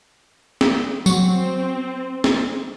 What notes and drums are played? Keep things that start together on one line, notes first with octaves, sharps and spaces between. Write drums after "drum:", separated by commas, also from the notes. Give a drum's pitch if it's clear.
drum: snare
F#3 C4, drum: tambourine
drum: snare